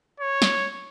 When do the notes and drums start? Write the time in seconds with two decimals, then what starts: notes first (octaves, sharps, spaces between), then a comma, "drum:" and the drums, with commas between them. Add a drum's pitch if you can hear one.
0.20 C#5
0.42 drum: snare